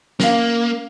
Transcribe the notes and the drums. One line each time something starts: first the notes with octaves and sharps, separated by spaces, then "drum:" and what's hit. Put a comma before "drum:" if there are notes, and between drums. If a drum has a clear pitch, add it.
A#3 C#4 F5, drum: snare